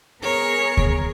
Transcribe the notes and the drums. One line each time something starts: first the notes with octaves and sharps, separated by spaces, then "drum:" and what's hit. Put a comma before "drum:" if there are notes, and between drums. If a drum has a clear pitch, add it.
B3 G#4 A#4 C#5
drum: kick D2